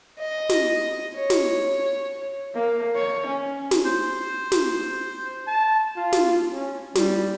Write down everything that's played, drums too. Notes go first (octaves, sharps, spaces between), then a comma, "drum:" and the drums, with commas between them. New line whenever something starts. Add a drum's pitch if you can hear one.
D#5
drum: snare
C#5
drum: snare
A#3
C#5
C#4
drum: snare
C5
drum: snare
A5
F4
drum: snare
C#4
G3, drum: snare